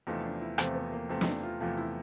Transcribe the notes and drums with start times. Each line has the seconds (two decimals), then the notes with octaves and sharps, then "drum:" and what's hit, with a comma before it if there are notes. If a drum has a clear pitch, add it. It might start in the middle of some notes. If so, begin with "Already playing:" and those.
0.07 E2 C3 F3 A3 D#4
0.24 D4
0.41 E4
0.58 E2 C3 F3 A3 C4, drum: rim click
0.75 B3
0.92 A#3
1.09 E2 C3 F3 A3 C4
1.21 D#4, drum: snare
1.26 D4
1.43 F4
1.60 E2 C3 F3 A3 F4
1.77 E4